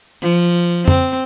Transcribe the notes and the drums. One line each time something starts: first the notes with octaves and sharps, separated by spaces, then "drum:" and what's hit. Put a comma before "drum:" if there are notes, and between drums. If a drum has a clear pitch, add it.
F3
C4, drum: tom F2